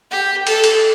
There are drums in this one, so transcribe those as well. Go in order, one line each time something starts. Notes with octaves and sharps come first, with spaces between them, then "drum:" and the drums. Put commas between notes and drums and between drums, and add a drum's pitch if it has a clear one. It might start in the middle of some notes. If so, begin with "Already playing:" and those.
G4
A4, drum: cymbal
drum: cymbal